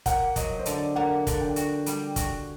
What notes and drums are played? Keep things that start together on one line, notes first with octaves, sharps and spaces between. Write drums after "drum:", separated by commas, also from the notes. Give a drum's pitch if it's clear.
A#3 F#5, drum: kick, hi-hat
F#3 D#5, drum: kick, hi-hat
C5
D3 D5, drum: hi-hat
A#3 F#5
D3, drum: kick, hi-hat
G5
F#4, drum: hi-hat
G3, drum: hi-hat
F#4, drum: kick, hi-hat